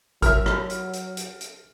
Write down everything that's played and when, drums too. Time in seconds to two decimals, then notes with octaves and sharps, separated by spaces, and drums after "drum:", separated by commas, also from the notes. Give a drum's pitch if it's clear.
0.22 F#3 A#4 E5 F6, drum: kick G#1, hi-hat
0.46 drum: rim click
0.70 drum: hi-hat
0.93 drum: hi-hat
1.17 drum: hi-hat
1.41 drum: hi-hat